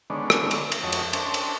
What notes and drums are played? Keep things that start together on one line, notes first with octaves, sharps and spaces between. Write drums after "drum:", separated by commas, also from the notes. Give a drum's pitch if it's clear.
D3 D#3 G#3 B3 C#4 D4
drum: rim click
drum: cymbal
drum: cymbal
F2 F#4 C#5 D#5 A5
drum: cymbal
C#4 D4 C5 A5, drum: cymbal
drum: cymbal